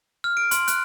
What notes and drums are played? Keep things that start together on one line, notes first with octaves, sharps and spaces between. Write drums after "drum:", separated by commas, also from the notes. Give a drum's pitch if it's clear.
F6
D7
C6, drum: hi-hat
F#6, drum: hi-hat